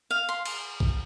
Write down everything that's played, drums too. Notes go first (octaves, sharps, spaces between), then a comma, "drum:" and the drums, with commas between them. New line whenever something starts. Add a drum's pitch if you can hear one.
F5
C6
drum: cymbal
drum: kick A#1